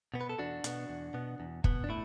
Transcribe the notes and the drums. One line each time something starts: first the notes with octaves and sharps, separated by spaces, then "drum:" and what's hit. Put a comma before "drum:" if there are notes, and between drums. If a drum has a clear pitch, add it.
B2 B3
B4
A4
E2 D4 F#4
B2 B3, drum: hi-hat
E2
B2 B3
E2
B2 B3, drum: kick
D4
A2 E4